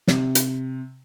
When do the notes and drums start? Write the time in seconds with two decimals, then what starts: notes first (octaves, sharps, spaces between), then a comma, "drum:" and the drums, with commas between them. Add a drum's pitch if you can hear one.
0.08 C3, drum: snare
0.35 drum: hi-hat